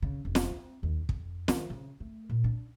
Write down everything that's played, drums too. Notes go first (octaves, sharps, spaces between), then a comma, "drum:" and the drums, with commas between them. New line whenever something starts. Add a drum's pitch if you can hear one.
C#3
F1
drum: snare
C4
D#2
F2, drum: kick
D#3, drum: snare
C#3
A3
A#2
D4